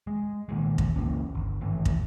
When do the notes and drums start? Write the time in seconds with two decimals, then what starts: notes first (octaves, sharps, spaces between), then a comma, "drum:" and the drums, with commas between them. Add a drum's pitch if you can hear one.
0.07 G#3
0.49 A#2 D#3 G#3
0.78 drum: kick
0.96 C#2 E3 A#3 C#4
1.35 G1
1.61 G#1 E3 A3
1.85 drum: kick